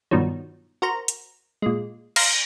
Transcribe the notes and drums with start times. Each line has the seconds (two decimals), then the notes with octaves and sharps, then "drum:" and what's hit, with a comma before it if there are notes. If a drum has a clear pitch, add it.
0.11 G2 B2 D#3 F3 F#3
0.82 F#4 A#4 C5 A#5
1.08 drum: hi-hat
1.62 A#2 G#3
2.16 F5 A#5 C6 E7, drum: cymbal